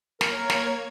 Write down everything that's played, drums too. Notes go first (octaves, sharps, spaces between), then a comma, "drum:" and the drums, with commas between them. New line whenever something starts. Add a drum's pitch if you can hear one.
A#3 A#4 C#5 G#6, drum: snare
drum: snare